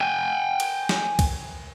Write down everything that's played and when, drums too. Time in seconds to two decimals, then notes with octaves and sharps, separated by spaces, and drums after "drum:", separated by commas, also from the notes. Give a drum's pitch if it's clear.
0.01 G5 G#5
0.60 drum: cymbal
0.89 drum: snare
1.19 drum: kick C2, cymbal